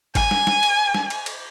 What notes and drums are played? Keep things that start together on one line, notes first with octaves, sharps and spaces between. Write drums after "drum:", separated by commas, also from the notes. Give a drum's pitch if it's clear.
G#5, drum: kick, cymbal
drum: snare
drum: snare
drum: cymbal
drum: snare
drum: cymbal
drum: cymbal